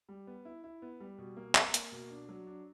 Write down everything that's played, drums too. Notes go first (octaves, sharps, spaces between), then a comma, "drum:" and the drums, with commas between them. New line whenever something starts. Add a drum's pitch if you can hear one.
G3
B3
E4
E4
B3
G3
B2
A#3
A#3, drum: clap
A#3, drum: hi-hat
B2
D4
F#3
D4